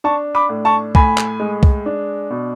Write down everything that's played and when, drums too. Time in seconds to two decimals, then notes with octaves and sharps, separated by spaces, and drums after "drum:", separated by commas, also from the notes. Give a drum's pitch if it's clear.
0.04 D4 A5 C#6
0.35 B5 D6
0.49 A2
0.65 A5 C#6
0.95 A2 G#5 B5, drum: kick
1.18 drum: clap
1.40 G#3
1.63 drum: kick
1.86 D4
2.30 B2